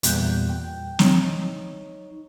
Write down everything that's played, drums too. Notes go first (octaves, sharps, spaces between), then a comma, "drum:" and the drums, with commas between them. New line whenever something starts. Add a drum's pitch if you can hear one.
E2 A#2 G3 F#6 G6, drum: hi-hat
G5
D#4 C#5, drum: snare